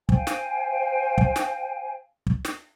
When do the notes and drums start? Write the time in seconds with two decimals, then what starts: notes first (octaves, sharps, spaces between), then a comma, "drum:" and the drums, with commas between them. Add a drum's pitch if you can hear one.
0.09 C5 F5 G5 G#5, drum: kick
0.27 drum: snare
1.18 drum: kick
1.36 drum: snare
2.27 drum: kick
2.45 drum: snare